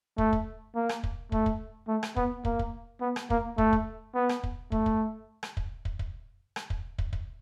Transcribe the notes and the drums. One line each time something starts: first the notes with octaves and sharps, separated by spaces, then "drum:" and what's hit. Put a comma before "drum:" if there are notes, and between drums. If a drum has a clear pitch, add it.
A3, drum: kick
drum: kick
A#3
drum: rim click
drum: kick
A3, drum: kick
drum: kick
A3
drum: rim click
B3, drum: kick
A#3, drum: kick
drum: kick
B3
drum: rim click
A#3, drum: kick
A3, drum: kick
drum: kick
B3
drum: rim click
drum: kick
A3, drum: kick
drum: kick
drum: rim click
drum: kick
drum: kick
drum: kick
drum: rim click
drum: kick
drum: kick
drum: kick